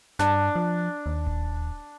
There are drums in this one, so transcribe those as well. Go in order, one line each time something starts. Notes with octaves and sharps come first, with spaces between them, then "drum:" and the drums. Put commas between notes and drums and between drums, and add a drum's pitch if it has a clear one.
G2 D4, drum: snare
F3
D#2
drum: kick D1